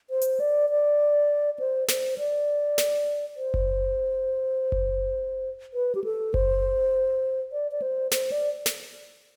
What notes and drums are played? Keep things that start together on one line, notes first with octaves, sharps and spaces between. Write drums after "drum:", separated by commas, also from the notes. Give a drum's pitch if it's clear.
C5
drum: hi-hat
D5
D5
C5
C5, drum: snare
D5
drum: snare
C5
drum: kick F#1
drum: kick F#1
B4
G4
A4
C5, drum: kick F#1
D5
D5
C5
C5, drum: snare
D5
drum: snare